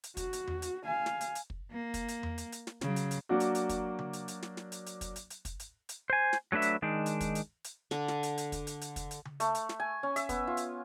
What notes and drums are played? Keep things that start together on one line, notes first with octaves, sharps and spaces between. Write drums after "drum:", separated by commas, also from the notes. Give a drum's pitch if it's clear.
drum: hi-hat
F#4, drum: kick, hi-hat
drum: hi-hat
drum: tom E2
drum: hi-hat
F5 G#5
drum: snare
drum: hi-hat
drum: hi-hat
drum: kick
A#3
drum: kick, hi-hat
drum: hi-hat
drum: tom E2
drum: hi-hat
drum: hi-hat
drum: snare
C#3 F#3, drum: snare
drum: hi-hat
drum: hi-hat
F#3 A#3 D4 F#4
drum: hi-hat
drum: hi-hat
drum: kick, hi-hat
drum: tom C#3
drum: hi-hat
drum: hi-hat
drum: snare
drum: snare
drum: hi-hat
drum: hi-hat
drum: kick, hi-hat
drum: hi-hat
drum: hi-hat
drum: kick, hi-hat
drum: hi-hat
drum: hi-hat
C5 G#5
drum: snare
F#3 A3 D4 B4 E5
drum: hi-hat
D#3 G#3 D4 D#4
drum: hi-hat
drum: kick, hi-hat
drum: hi-hat
drum: hi-hat
D3, drum: snare
drum: snare
drum: hi-hat
drum: hi-hat
drum: kick, hi-hat
drum: hi-hat
drum: hi-hat
drum: kick, hi-hat
drum: hi-hat
drum: tom C#3
A3, drum: hi-hat
drum: hi-hat
drum: snare
G#5
C#4
E5, drum: hi-hat
B3, drum: kick, hi-hat
F4
drum: hi-hat